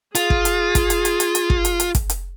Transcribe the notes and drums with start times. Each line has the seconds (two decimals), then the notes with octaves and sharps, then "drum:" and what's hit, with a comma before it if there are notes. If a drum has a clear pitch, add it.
0.15 F4 G#4, drum: hi-hat
0.30 drum: kick
0.45 drum: hi-hat
0.75 drum: kick, hi-hat
0.90 drum: hi-hat
1.05 drum: hi-hat
1.20 drum: hi-hat
1.35 drum: hi-hat
1.50 drum: kick
1.65 drum: hi-hat
1.80 drum: hi-hat
1.95 drum: kick, hi-hat
2.10 drum: hi-hat